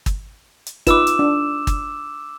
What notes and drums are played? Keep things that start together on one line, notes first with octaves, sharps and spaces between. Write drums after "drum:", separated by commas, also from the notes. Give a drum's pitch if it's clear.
drum: kick, hi-hat
drum: hi-hat
D#4 F4 B4 D6 E6 E7, drum: kick, hi-hat
drum: hi-hat
D4
drum: kick, hi-hat